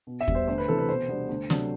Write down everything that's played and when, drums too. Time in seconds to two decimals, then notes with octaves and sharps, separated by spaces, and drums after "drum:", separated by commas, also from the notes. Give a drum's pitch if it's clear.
0.07 B2
0.21 E5
0.28 G3 B3, drum: kick
0.35 C5
0.47 D2 C5
0.58 B4
0.68 C3 E3 A3 A4
0.78 B4
0.88 B2 C5
1.09 G3 B3 D4
1.29 D2
1.50 C3 F#3 A3 D4, drum: snare